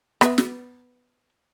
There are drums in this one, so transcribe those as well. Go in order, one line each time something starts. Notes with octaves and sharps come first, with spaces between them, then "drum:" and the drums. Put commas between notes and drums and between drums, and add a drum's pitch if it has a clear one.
B3 B4 E5, drum: rim click
drum: snare